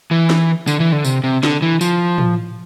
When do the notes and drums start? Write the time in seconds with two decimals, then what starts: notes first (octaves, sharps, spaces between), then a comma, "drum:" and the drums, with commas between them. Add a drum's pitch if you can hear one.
0.11 E3
0.30 drum: snare
0.67 D3, drum: tambourine
0.80 E3
0.92 D3
1.05 C3, drum: tambourine
1.24 C3
1.43 D3, drum: snare
1.62 E3
1.81 F3, drum: tambourine
2.18 drum: tom A2